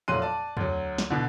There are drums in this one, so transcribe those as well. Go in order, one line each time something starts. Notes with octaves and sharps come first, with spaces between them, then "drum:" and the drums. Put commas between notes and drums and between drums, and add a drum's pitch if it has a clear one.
F1 A#2 F#3 C6 F#6 D#7
D5 A5
D2 F#3, drum: tom
drum: snare
B2 D3